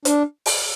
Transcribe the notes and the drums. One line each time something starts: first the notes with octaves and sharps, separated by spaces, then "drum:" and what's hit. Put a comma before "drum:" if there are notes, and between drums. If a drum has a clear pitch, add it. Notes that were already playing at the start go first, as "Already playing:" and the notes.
D4, drum: hi-hat
drum: open hi-hat